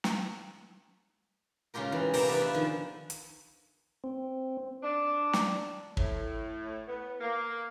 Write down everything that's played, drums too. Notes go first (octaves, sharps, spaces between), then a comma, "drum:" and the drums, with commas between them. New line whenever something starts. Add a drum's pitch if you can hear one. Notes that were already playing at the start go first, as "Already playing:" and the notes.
drum: snare
C#3 G#3 F4 G4 A#4
E3 F4
C3 A#3 D4 G5 A#5, drum: open hi-hat
B3 D5 E5
F4 G#4 B4 E5
D3 D#3 F3
drum: hi-hat
C4
D4
drum: snare
A2, drum: kick
B3
A#3